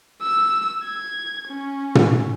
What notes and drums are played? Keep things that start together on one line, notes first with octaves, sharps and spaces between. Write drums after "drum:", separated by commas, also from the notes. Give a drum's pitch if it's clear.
E6
G#6
C#4
drum: tom